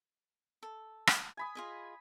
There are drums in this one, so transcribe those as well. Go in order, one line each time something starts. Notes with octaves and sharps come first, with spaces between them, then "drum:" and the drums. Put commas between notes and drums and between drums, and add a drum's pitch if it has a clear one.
A4
drum: rim click
G#5 B5 D#6
F4 G#4 D#5